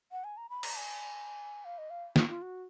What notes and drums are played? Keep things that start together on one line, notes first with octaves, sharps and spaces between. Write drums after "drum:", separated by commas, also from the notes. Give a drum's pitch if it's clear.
F#5
G#5
A#5
B5
A#5, drum: cymbal
G#5
F5
D#5
F5
F4, drum: snare
F4
F#4